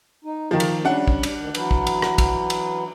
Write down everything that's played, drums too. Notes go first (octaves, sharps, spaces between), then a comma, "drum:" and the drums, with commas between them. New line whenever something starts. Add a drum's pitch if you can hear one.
D#4
D#3 F3 A#3
drum: cymbal
G3 C#4 D4 F#5
drum: kick
drum: cymbal
D2 D#3
E3 F#3 B4, drum: cymbal
drum: kick
drum: cymbal
drum: rim click
drum: kick, cymbal
drum: cymbal